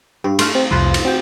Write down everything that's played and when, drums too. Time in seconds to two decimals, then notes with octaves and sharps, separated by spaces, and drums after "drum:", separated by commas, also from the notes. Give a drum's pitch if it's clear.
0.24 G2 G4
0.39 A3 C6 F6, drum: cymbal
0.55 C4
0.71 C2 F2 F4 B4 C5
0.94 drum: cymbal
1.05 C4 F#4 G5